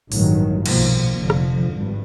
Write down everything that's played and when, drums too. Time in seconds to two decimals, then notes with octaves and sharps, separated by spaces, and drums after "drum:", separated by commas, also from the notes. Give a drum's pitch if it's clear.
0.12 A1 G2 D#3 F#3, drum: open hi-hat
0.66 B1 A#2 F3, drum: cymbal
1.19 F1 F2 D3 F3
1.30 drum: rim click
1.72 G#1 G2